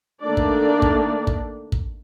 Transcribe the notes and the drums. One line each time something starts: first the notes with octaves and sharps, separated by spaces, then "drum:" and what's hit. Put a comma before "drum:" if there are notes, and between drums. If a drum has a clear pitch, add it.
D#3 A3 A#3 D4 D5
drum: kick
drum: kick
drum: kick
drum: kick